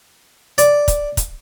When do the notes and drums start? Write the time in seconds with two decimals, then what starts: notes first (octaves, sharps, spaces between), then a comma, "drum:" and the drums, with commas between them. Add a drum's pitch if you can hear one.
0.58 D5, drum: hi-hat
0.88 drum: kick, hi-hat
1.17 drum: kick, hi-hat